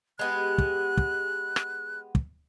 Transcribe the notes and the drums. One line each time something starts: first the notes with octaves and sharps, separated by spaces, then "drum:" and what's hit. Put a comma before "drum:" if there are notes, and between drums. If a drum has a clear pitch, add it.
G#3 B3 G4 F#6
drum: kick
drum: kick
drum: rim click
drum: kick